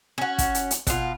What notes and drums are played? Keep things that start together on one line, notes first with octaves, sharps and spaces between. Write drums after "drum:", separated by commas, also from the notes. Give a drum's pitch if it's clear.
C#4 F#4
drum: kick, hi-hat
drum: hi-hat
drum: hi-hat
B2 F4, drum: kick, hi-hat